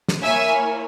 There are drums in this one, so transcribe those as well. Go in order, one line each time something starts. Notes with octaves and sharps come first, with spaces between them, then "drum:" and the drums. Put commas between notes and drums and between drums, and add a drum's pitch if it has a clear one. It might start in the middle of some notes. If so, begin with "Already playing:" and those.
drum: snare
A#3 E4 A#4 C#5 E5 G#5